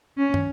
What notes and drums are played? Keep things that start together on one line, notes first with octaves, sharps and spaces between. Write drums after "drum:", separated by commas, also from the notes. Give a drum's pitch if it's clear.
C#4
drum: tom